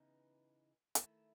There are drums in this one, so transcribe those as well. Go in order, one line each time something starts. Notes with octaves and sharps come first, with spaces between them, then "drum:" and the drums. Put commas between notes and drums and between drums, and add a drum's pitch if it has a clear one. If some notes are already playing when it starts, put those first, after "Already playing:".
Already playing: C#3 E3 B3 D#4
D#3 A3 E4, drum: hi-hat